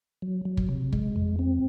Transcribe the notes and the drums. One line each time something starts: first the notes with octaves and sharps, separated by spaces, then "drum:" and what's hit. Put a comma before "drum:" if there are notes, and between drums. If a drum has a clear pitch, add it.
F#3
F#3
drum: kick
C3
G#3, drum: kick
F2
C4